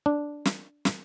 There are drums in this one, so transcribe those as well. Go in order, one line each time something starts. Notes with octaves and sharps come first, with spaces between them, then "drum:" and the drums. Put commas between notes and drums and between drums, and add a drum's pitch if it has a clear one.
D4
drum: snare
drum: snare